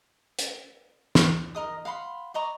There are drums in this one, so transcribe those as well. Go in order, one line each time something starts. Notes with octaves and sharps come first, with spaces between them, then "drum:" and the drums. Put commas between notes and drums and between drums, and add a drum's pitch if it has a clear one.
drum: hi-hat
drum: snare
A#4 D#5 D#6
F5 F#5 B5 C6
D5 D#5 A#5 C#6